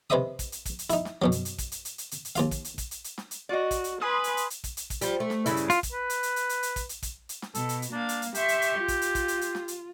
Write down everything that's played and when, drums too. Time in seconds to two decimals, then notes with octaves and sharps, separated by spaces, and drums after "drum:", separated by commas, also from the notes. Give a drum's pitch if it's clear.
0.10 C3 B4 C5 D#5 E5 D#6
0.39 drum: kick, hi-hat
0.52 drum: hi-hat
0.65 drum: kick, hi-hat
0.79 drum: hi-hat
0.90 D#4 E4, drum: hi-hat
1.05 drum: snare
1.22 F#2 B2 F#3
1.32 drum: hi-hat
1.45 drum: hi-hat
1.58 drum: kick, hi-hat
1.72 drum: hi-hat
1.85 drum: hi-hat
1.98 drum: hi-hat
2.11 drum: hi-hat
2.25 drum: hi-hat
2.36 D#2 F4 F5, drum: hi-hat
2.51 drum: kick, hi-hat
2.65 drum: hi-hat
2.78 drum: kick, hi-hat
2.91 drum: hi-hat
3.04 drum: hi-hat
3.18 drum: snare
3.31 drum: hi-hat
3.49 F#4 D5 D#5
3.71 drum: kick, hi-hat
3.84 drum: hi-hat
4.02 B4 G#5 B5 C6 D#6
4.24 drum: hi-hat
4.37 drum: hi-hat
4.50 drum: hi-hat
4.64 drum: kick, hi-hat
4.77 drum: hi-hat
4.90 drum: kick, hi-hat
5.01 F3 G3, drum: hi-hat
5.20 A3
5.30 drum: snare
5.46 G2 C#3 E4, drum: hi-hat
5.57 drum: hi-hat
5.70 F4, drum: hi-hat
5.83 drum: kick, hi-hat
5.92 B4
6.10 drum: hi-hat
6.23 drum: hi-hat
6.36 drum: hi-hat
6.49 drum: hi-hat
6.63 drum: hi-hat
6.76 drum: kick, hi-hat
6.89 drum: hi-hat
7.02 drum: kick, hi-hat
7.29 drum: hi-hat
7.42 drum: snare
7.55 B2 A4, drum: hi-hat
7.69 drum: hi-hat
7.82 drum: hi-hat
7.92 A#3 D4 F5
8.09 drum: hi-hat
8.22 drum: hi-hat
8.35 G4 E5 C6 C#6, drum: hi-hat
8.48 drum: hi-hat
8.62 drum: hi-hat
8.78 F4
8.88 drum: kick, hi-hat
9.02 drum: hi-hat
9.15 drum: kick, hi-hat
9.28 drum: hi-hat
9.41 drum: hi-hat
9.55 drum: snare
9.68 drum: hi-hat